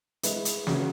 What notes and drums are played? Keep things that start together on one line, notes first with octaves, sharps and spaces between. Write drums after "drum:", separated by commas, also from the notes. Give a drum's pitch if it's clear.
G#3 E4 B4, drum: hi-hat
drum: hi-hat
C#3 F#3 C#4, drum: snare